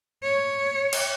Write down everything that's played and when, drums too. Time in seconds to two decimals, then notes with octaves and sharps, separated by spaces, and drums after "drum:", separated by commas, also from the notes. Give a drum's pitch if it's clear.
0.23 C#5
0.93 drum: cymbal